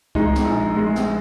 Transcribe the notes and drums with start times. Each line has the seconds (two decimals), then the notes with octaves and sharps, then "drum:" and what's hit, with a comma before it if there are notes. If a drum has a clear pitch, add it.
0.15 G#3 D#4, drum: kick C2
0.35 drum: snare
0.45 A#1
0.76 G#3
0.96 drum: snare